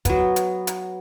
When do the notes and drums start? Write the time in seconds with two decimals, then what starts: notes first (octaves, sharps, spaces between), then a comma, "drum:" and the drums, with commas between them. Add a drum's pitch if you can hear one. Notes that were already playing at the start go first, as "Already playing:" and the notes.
0.05 F#3 B3, drum: kick, hi-hat
0.36 drum: hi-hat
0.67 drum: hi-hat